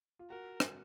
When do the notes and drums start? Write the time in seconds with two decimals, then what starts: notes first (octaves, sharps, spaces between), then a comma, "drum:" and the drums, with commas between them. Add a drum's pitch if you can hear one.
0.19 F4
0.30 F#4 A#4
0.60 drum: rim click